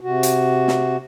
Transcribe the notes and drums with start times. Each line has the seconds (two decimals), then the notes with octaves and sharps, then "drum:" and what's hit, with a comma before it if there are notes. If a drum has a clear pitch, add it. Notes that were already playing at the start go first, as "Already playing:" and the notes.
0.01 C3 F#4
0.23 drum: hi-hat
0.68 drum: snare